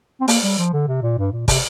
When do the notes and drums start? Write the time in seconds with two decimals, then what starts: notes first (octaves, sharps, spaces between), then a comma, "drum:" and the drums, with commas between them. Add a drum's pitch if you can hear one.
0.21 C4
0.28 A#3, drum: open hi-hat
0.43 G3
0.58 F3
0.73 D3
0.88 C3
1.02 A#2
1.18 G2
1.32 A#2
1.48 C3, drum: kick, open hi-hat